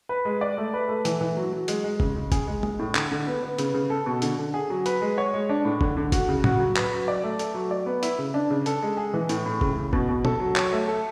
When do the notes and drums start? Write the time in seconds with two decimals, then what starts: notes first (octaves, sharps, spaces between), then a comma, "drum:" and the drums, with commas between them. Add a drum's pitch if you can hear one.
0.09 B4
0.25 G#3
0.41 D5
0.58 A3
0.74 B4
0.89 A3
1.05 E3, drum: hi-hat
1.21 E3
1.37 F#3
1.53 F#3
1.68 G#3, drum: hi-hat
1.84 G#3
2.00 C#3, drum: kick
2.16 C#3
2.32 G#4, drum: kick, hi-hat
2.47 G#3
2.63 G#4, drum: tom
2.79 A2
2.95 D3, drum: clap
3.11 D3
3.27 B3
3.43 B3
3.58 C#3, drum: hi-hat
3.74 C#3
3.90 A4
4.06 B2
4.22 D3, drum: hi-hat
4.39 D3
4.54 G#4
4.70 F#3
4.86 B4, drum: hi-hat
5.02 G#3
5.18 C#5
5.34 G#3
5.49 D4
5.65 A2
5.81 D3, drum: kick
5.97 D3
6.12 F#4, drum: kick, hi-hat
6.28 C#3
6.44 F#4, drum: tom A2
6.60 F#3
6.76 B4, drum: clap
6.91 F#3
7.08 D5
7.24 A3
7.39 A4, drum: hi-hat
7.55 F#3
7.71 D5
7.86 B3
8.03 E4, drum: hi-hat
8.19 C#3
8.34 D4
8.50 C#3
8.66 A4, drum: hi-hat
8.82 G#3
8.97 G#4
9.14 E3
9.29 A2, drum: hi-hat
9.46 A2
9.61 C#3, drum: kick
9.77 C#3
9.93 B2, drum: kick
10.09 B2
10.25 A4, drum: tom
10.40 F#3
10.56 C#5, drum: clap
10.73 A3
10.88 A4